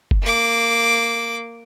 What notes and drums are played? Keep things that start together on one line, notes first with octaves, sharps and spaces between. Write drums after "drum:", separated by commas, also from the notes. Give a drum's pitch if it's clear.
drum: kick F#1
A#3 D6